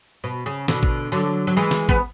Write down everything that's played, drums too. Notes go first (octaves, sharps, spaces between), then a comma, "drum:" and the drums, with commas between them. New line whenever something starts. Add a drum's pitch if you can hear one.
B2
C#3
B2 D3, drum: snare
drum: kick
D3 F#3
F#3
E3 G#3
drum: snare
B3, drum: kick